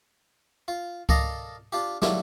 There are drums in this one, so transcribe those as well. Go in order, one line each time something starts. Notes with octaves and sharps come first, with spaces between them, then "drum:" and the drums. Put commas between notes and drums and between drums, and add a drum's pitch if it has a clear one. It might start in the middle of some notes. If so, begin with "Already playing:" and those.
F4
A4 A#4 D5 D#5 F5 A#5, drum: kick C#2
D4 F4 G4
F#3 G3 A#3 D4 E4, drum: snare